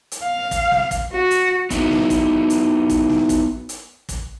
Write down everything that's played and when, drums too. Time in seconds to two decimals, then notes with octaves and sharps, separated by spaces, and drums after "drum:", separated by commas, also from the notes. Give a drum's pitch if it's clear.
0.12 drum: hi-hat
0.23 F5
0.51 drum: kick, hi-hat
0.71 drum: snare
0.91 drum: kick, hi-hat
1.12 F#4
1.31 drum: hi-hat
1.70 B3 D#4 E4 F#4, drum: kick, hi-hat
1.90 drum: snare
2.10 drum: kick, hi-hat
2.50 drum: hi-hat
2.89 drum: kick, hi-hat
3.09 drum: snare
3.29 drum: kick, hi-hat
3.69 drum: hi-hat
4.09 drum: kick, hi-hat